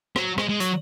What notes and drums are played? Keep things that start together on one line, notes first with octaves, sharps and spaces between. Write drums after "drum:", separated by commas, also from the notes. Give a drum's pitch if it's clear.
F#3, drum: rim click
G#3, drum: rim click
G#3
F#3, drum: hi-hat